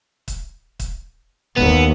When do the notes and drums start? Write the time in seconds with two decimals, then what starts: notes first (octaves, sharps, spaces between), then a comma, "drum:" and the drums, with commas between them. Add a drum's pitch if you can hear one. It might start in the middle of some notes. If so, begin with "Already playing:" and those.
0.28 drum: kick, hi-hat
0.80 drum: kick, hi-hat
1.57 D#2 B3, drum: kick